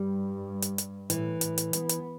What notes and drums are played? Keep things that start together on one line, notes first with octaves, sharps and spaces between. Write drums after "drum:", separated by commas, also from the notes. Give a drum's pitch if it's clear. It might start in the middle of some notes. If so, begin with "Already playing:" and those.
Already playing: G2 G3
drum: hi-hat
drum: hi-hat
A2 E3, drum: hi-hat
A2, drum: hi-hat
drum: hi-hat
B3, drum: hi-hat
drum: hi-hat